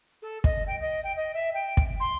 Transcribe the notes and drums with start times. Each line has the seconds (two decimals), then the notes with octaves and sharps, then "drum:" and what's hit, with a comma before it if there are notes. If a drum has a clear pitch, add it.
0.22 A4
0.44 D#5, drum: kick
0.67 G5
0.80 D#5
1.03 G5
1.16 D#5
1.34 E5
1.54 G5
1.77 drum: kick
2.00 C6